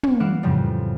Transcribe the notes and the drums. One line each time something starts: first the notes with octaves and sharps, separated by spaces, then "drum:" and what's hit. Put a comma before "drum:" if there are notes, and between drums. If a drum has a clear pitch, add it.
drum: tom
E3 F5 F#5 D6 E7
F2 A2 C#3 F3 G3